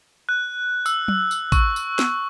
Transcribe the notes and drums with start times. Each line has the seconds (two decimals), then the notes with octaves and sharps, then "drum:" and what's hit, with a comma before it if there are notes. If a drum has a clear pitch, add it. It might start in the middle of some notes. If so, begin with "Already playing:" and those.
0.29 F#6
0.86 E6, drum: tambourine
1.08 drum: tom F#3
1.31 drum: tambourine
1.52 C#6, drum: kick, tambourine
1.76 drum: tambourine
1.99 drum: snare